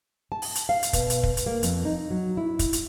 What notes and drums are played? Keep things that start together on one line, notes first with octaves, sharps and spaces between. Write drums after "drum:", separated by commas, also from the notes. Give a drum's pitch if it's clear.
A5
drum: open hi-hat
drum: hi-hat
F5
drum: hi-hat
B2, drum: kick, hi-hat
drum: hi-hat
drum: kick
drum: hi-hat
A#3
F2, drum: hi-hat
D#4
F#3
E4
drum: kick, hi-hat
drum: hi-hat